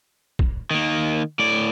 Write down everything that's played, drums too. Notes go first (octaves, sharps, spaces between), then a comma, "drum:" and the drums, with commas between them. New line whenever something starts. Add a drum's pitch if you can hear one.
drum: kick
D#3 A#3
A2 D5